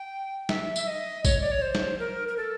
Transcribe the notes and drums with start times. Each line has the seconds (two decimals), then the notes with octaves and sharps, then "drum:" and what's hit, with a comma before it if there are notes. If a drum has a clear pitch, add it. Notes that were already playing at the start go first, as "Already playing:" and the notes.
Already playing: G5
0.49 E5, drum: snare
0.76 E5, drum: tambourine
0.87 D#5
1.25 C#5, drum: kick, tambourine
1.41 D5
1.51 C#5
1.62 C5
1.75 drum: snare
2.00 A#4
2.28 A#4
2.37 A4